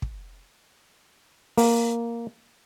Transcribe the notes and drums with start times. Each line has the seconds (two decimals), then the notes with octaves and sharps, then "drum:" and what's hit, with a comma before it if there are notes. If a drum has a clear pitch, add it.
0.02 drum: kick
1.58 A#3, drum: open hi-hat